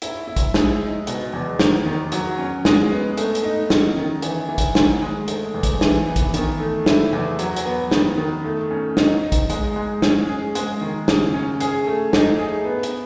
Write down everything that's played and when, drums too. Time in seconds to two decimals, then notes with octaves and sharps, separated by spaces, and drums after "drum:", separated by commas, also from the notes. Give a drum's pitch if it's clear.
0.02 E4, drum: hi-hat
0.27 E4
0.37 drum: kick, hi-hat
0.54 G#3, drum: snare
0.80 D#4
1.07 B2, drum: hi-hat
1.33 E2
1.59 D#3, drum: snare
1.86 D#3
2.12 F#3, drum: hi-hat
2.38 C#4
2.65 G#3, drum: snare
2.91 B3
3.17 A3, drum: hi-hat
3.35 drum: hi-hat
3.44 D#4
3.70 C#4, drum: snare
3.96 D#3
4.22 E3, drum: hi-hat
4.49 E3
4.58 drum: kick, hi-hat
4.75 D#3, drum: snare
5.02 G#3
5.28 A3, drum: hi-hat
5.54 E2
5.63 drum: kick, hi-hat
5.81 E3, drum: snare
6.07 B3
6.16 drum: kick, hi-hat
6.34 D#3, drum: hi-hat
6.60 A3
6.86 E4, drum: snare
7.13 E2
7.39 F#3, drum: hi-hat
7.56 drum: hi-hat
7.66 B3
7.91 D#3, drum: snare
8.18 D#3
8.44 A3
8.71 C#4
8.97 D#4, drum: snare
9.23 D#4
9.32 drum: kick, hi-hat
9.50 G#3, drum: hi-hat
9.76 G#3
10.02 C#4, drum: snare
10.29 G#4
10.55 G#3, drum: hi-hat
10.81 D#3
11.08 C#3, drum: snare
11.34 C#4
11.60 G#4, drum: hi-hat
11.87 A3
12.13 D#4, drum: snare
12.39 G#4
12.65 B3
12.83 drum: hi-hat